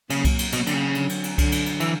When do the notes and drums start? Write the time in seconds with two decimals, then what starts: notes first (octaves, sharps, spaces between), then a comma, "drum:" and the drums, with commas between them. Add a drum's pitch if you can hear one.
0.10 C#3 F#3 A#3, drum: cymbal
0.25 drum: kick C2, cymbal
0.39 drum: cymbal
0.52 B2 F#3 A#3, drum: cymbal
0.67 D3, drum: cymbal
0.74 C#3
0.95 D3 F#3, drum: cymbal
1.09 drum: cymbal
1.24 drum: cymbal
1.38 D3 F#3, drum: kick C2, cymbal
1.52 drum: cymbal
1.66 drum: cymbal
1.80 E3, drum: cymbal